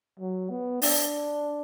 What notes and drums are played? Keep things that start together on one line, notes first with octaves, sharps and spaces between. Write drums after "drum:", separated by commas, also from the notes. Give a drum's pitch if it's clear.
F#3
B3
D4, drum: open hi-hat